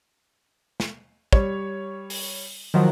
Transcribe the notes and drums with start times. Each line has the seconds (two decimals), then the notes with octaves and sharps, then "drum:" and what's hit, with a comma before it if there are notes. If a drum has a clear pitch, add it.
0.80 drum: snare
1.33 G3 C#5, drum: kick
2.10 drum: open hi-hat
2.74 D#3 F3 F#3